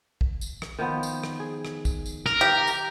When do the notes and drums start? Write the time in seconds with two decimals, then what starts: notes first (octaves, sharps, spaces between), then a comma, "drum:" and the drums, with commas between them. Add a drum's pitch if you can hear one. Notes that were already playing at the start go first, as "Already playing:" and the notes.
0.21 drum: kick A#1
0.41 drum: tambourine
0.62 drum: rim click
0.79 D#3 F3 B3
1.03 drum: tambourine
1.24 drum: rim click
1.40 G#4
1.65 drum: rim click
1.85 drum: kick A#1, tambourine
2.06 drum: tambourine
2.26 A#4, drum: rim click
2.41 G4
2.67 drum: tambourine